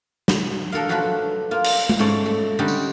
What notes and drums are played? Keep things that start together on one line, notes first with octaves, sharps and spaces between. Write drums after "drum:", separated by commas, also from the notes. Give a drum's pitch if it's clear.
drum: snare
D4 A4 A#4 F5
F3 F#3 A3 D4 A4 B4
A#3 F4
drum: cymbal
drum: tom G#3
G#2 A3 C#4 C#5 D5
A3
D3 G3 C4 C#4 D#4
drum: tambourine